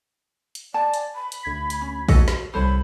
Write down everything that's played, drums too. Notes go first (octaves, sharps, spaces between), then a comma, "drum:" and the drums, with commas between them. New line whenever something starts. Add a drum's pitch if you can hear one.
drum: hi-hat
D5 G#5 A5
drum: hi-hat
B5
drum: hi-hat
D2 G#6 B6
drum: hi-hat
C#4
F#4 A4 D#5, drum: kick, open hi-hat
drum: snare
C2 G3 A4 C5 C#5 B5